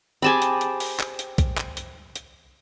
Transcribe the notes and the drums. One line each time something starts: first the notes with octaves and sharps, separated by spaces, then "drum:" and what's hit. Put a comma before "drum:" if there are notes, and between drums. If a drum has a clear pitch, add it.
C4 G4 G#4 G#5 A5 B5
drum: hi-hat
drum: hi-hat
drum: open hi-hat
drum: clap
drum: hi-hat
drum: kick B1, hi-hat
drum: clap
drum: hi-hat
drum: hi-hat